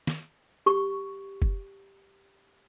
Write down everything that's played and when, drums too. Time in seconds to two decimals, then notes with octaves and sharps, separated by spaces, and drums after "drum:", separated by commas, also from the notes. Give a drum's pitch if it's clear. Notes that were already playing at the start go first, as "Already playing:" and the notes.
0.07 drum: snare
0.66 G4 C#6
1.42 drum: kick